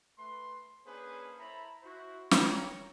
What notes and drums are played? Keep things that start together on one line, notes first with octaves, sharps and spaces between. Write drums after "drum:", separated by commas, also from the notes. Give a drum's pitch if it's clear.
A3 B4 C6
A#3 C#4 D4 G#4 B4 C5
E4 A4 C5 A#5 B5
E4 F#4 C5
C#5 G5 A#5, drum: snare